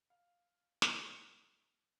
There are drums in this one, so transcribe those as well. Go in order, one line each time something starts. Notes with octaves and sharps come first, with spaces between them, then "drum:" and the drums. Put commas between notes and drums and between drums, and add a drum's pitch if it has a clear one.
F5
F#5, drum: snare